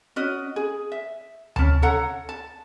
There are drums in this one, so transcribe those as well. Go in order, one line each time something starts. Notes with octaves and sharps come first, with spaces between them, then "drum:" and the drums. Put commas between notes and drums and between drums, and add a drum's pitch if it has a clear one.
C#4 F#4 D#5
G#4
E5
C#4 A5, drum: tom D2
A4 C#5 F#5 A#5
A5